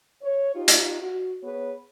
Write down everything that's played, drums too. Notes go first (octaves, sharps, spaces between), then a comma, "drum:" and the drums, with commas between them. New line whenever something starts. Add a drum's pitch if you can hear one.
C#5
D#4 F4 G4
drum: hi-hat
F#4
B3 G#4 B4 C#5